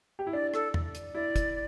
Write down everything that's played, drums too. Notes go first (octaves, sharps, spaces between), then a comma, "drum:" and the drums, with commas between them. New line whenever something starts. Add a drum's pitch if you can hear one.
G4
E4
D4 D5
A4, drum: rim click
drum: tom E2
drum: hi-hat
E4 D5
drum: kick, hi-hat